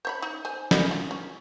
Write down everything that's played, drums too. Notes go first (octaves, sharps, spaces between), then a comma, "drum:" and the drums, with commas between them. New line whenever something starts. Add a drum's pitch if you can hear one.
C5 C#5 B5
D#4
C5 G#5
D#3 E4 B5, drum: snare
F4
C#4